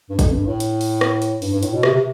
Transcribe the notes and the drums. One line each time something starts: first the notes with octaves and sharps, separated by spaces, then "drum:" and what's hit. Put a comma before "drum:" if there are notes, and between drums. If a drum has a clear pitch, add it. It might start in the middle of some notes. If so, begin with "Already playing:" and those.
G2
F2, drum: kick, hi-hat
G2
A2
drum: hi-hat
drum: open hi-hat
drum: rim click
drum: hi-hat
G2, drum: open hi-hat
G2
A2, drum: hi-hat
B2
C3, drum: rim click
C3